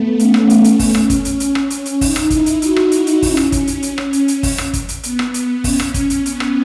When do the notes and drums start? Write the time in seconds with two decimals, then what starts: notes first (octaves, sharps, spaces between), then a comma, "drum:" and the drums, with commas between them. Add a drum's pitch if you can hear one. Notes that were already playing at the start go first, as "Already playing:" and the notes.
Already playing: A3 B3
0.19 C#4, drum: hi-hat
0.34 drum: rim click
0.50 C#4, drum: hi-hat
0.64 drum: hi-hat
0.79 drum: kick, open hi-hat
0.95 drum: rim click
1.10 drum: kick, hi-hat
1.25 drum: hi-hat
1.40 drum: hi-hat
1.55 drum: rim click
1.70 drum: hi-hat
1.86 drum: hi-hat
2.01 D#4, drum: kick, open hi-hat
2.16 drum: rim click
2.30 E4, drum: kick, hi-hat
2.46 drum: hi-hat
2.62 F#4, drum: hi-hat
2.76 drum: rim click
2.92 D#4, drum: hi-hat
3.07 drum: hi-hat
3.22 C#4, drum: kick, open hi-hat
3.37 drum: rim click
3.52 drum: kick, hi-hat
3.67 drum: hi-hat
3.83 drum: hi-hat
3.98 drum: rim click
4.13 drum: hi-hat
4.28 drum: hi-hat
4.43 drum: kick, open hi-hat
4.58 drum: rim click
4.73 drum: kick, hi-hat
4.89 drum: hi-hat
5.03 B3, drum: hi-hat
5.19 drum: rim click
5.34 drum: hi-hat
5.64 C#4, drum: kick, open hi-hat
5.80 drum: rim click
5.94 C#4, drum: kick, hi-hat
6.10 drum: hi-hat
6.26 B3, drum: hi-hat
6.40 drum: rim click